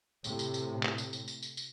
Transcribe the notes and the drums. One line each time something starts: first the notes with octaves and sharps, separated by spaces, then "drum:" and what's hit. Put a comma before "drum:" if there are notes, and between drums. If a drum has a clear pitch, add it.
A2 C3, drum: tambourine
drum: tambourine
drum: tambourine
drum: clap
drum: tambourine
drum: tambourine
drum: tambourine
drum: tambourine
drum: tambourine